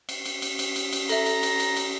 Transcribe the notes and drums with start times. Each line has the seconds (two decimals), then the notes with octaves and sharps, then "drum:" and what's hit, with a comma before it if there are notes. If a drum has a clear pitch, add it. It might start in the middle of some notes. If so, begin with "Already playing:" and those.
0.09 drum: cymbal
0.25 drum: cymbal
0.42 drum: cymbal
0.59 drum: cymbal
0.76 drum: cymbal
0.93 drum: cymbal
1.09 A4 E5 A#5, drum: cymbal
1.26 drum: cymbal
1.43 drum: cymbal
1.60 drum: cymbal
1.77 drum: cymbal